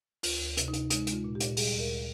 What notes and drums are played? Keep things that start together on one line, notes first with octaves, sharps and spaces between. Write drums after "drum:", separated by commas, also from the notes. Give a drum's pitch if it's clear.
D2 F4, drum: open hi-hat
D2
C3, drum: hi-hat
D#4
C3, drum: hi-hat
G#3 D#4, drum: hi-hat
G#3, drum: hi-hat
F4
A#2
G4
A#2, drum: hi-hat
G3 G#4, drum: open hi-hat
D2
A#4